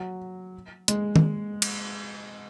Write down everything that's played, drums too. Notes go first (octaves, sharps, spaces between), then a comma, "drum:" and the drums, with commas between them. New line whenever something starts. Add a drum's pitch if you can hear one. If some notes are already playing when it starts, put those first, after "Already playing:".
Already playing: F#3
G#3, drum: hi-hat
drum: tom D#3
drum: cymbal